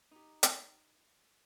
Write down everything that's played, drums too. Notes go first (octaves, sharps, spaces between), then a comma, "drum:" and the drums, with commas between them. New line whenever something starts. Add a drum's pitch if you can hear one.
D#4 G4
drum: hi-hat